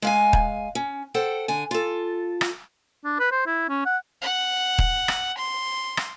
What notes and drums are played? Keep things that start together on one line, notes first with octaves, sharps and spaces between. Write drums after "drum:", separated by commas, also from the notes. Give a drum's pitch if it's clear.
G#3 F5 G#5
drum: kick D#1
C#4
A4 C5 F#5 G5
D3 G#5
F4 A4
drum: rim click
D4
B4
C5
E4
C#4
F#5
F#5
drum: kick D#1
drum: rim click
C6
drum: rim click